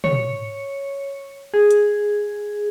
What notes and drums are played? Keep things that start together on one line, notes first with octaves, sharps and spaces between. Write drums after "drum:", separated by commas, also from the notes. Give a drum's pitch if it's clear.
C#5, drum: tom
G#4
drum: hi-hat